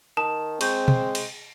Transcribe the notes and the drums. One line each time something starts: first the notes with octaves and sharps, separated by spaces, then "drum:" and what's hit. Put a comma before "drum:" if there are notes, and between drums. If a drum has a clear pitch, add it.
D#3 A5 D#6
G#3 C4 C#6 G6, drum: cymbal
drum: tom B2
drum: cymbal